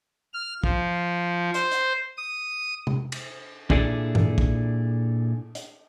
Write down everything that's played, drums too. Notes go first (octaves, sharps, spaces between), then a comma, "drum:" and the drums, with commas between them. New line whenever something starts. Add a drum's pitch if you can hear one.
F6
F3, drum: kick
C5, drum: hi-hat
drum: hi-hat
D#6
drum: tom
drum: cymbal
A#2 D4 E4 G#4 A4 D5, drum: kick
drum: tom
drum: kick
drum: hi-hat